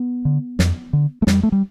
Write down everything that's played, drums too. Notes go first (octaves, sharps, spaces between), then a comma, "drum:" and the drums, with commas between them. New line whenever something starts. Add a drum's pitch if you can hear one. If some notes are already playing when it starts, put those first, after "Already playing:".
Already playing: B3
D3
F2, drum: snare
D3
A3
F2 G3, drum: snare
A3
G3